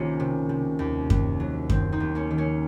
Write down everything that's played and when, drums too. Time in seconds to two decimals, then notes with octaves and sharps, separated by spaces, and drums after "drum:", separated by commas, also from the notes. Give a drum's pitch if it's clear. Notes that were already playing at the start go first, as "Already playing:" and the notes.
Already playing: C2 D#3 A#3 C#4 F4
0.20 C3
0.49 C3
0.79 D#2
1.10 D#2, drum: kick F#2
1.40 F#3
1.70 D#3 C4, drum: kick F#2
1.92 C4 D#4
2.00 D#2
2.15 A#3 C#4
2.31 D#3
2.38 A#3 C#4